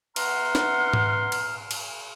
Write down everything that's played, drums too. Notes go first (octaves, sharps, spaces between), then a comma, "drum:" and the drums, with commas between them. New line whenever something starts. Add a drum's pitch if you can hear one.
B3 E4 F#5 A#5 C6 F6, drum: cymbal
drum: snare
drum: tom G#2
drum: cymbal
drum: cymbal